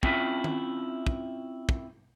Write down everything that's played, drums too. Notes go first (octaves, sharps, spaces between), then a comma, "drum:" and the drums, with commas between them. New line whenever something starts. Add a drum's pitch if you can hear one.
C4 C#4 E4 F4 E5 G#5, drum: kick
drum: tom D#3
drum: kick
drum: kick